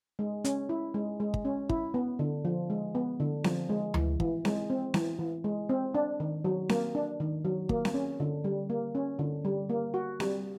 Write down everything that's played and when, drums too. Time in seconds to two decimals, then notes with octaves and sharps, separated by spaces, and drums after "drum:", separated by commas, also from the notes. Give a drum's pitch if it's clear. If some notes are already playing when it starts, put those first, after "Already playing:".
0.19 G#3
0.44 C#4, drum: hi-hat
0.69 E4
0.94 G#3
1.20 G#3
1.34 drum: kick
1.45 C#4
1.69 E4, drum: kick
1.94 B3
2.19 D3
2.45 F3
2.70 G#3
2.95 B3
3.20 D3
3.44 F3, drum: snare C4
3.69 G#3
3.94 E3, drum: tom D2
4.20 E3, drum: kick
4.45 G#3, drum: snare C4
4.70 C4
4.94 E3, drum: snare C4
5.19 E3
5.44 G#3
5.69 C4
5.95 D4
6.20 D#3
6.44 F#3
6.69 A#3, drum: snare C4
6.95 D4
7.20 D#3
7.45 F#3
7.69 A#3, drum: kick
7.85 drum: snare C4
7.94 C#4
8.20 D3
8.44 G3
8.70 A#3
8.95 C#4
9.19 D3
9.45 G3
9.69 A#3
9.94 F#4
10.20 G3, drum: snare C4